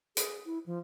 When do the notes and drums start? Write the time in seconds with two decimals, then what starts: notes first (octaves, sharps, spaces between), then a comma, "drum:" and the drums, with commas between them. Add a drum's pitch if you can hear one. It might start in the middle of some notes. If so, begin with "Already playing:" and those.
0.17 G#4, drum: hi-hat
0.46 E4
0.66 F3